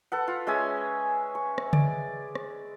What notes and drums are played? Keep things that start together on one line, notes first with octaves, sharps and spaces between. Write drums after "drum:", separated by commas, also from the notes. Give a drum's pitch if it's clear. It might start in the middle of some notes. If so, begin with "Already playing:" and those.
A4 B4 F#5
F4
G#3 C#4 E5 G#5
C#6
drum: rim click
D5, drum: tom C#3
drum: rim click